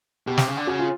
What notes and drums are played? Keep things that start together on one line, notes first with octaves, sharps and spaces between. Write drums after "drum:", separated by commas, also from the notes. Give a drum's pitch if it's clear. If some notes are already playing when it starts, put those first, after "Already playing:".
B2 G4
C3, drum: snare
C#3
D3
C#3 F#4
F4